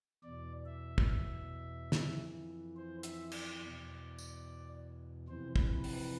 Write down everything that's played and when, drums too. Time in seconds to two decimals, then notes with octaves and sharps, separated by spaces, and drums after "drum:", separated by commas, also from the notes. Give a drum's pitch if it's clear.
0.23 E2 B2 D5
0.66 E5
0.98 drum: kick
1.92 F2 E3, drum: snare
2.76 C5
3.03 E5, drum: hi-hat
3.32 D5, drum: cymbal
3.60 E2 B2
4.19 drum: tambourine
5.28 F2 C3 E3 C5
5.56 B4, drum: kick
5.84 B4, drum: open hi-hat